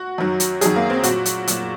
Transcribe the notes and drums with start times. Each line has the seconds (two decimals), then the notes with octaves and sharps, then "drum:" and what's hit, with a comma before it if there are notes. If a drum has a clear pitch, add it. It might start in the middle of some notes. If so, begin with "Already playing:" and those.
Already playing: F#4
0.18 F#2 D#3 F#3
0.40 drum: hi-hat
0.61 F#2 D#3 F#3 G#4, drum: hi-hat
0.76 A#3
0.90 C4
1.03 A#2 F#3 F#4, drum: hi-hat
1.26 drum: hi-hat
1.47 A#2 F#3, drum: hi-hat